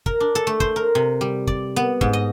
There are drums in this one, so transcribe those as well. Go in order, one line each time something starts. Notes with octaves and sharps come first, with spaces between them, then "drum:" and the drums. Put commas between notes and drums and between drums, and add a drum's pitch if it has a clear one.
A#4, drum: kick
D4
A4
A3
C5, drum: kick
A#4
C3
G3
D5, drum: kick
B3
G#2, drum: kick
D#5